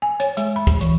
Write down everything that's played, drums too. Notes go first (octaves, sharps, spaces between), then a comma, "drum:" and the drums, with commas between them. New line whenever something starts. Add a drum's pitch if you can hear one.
G#5
C#5, drum: hi-hat
G#3, drum: hi-hat
B5
drum: kick, hi-hat
E3, drum: hi-hat